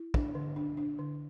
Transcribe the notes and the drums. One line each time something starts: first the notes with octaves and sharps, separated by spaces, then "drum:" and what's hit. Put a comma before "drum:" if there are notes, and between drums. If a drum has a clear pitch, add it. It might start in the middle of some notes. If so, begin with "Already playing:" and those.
Already playing: E4
D4, drum: kick
D3
D4
D4
D3